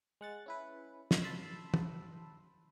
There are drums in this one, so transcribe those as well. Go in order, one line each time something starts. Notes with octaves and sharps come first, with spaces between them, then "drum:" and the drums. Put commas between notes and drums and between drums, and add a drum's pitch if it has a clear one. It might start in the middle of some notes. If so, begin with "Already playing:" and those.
G#3 F#5 A6
C#4 E4 B4
drum: snare
A5 B5 C6 E6
drum: tom